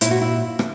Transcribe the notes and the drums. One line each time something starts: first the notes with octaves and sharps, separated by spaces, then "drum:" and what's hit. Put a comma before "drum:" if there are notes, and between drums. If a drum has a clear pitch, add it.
A#2 E4, drum: hi-hat
F#4
E4
drum: rim click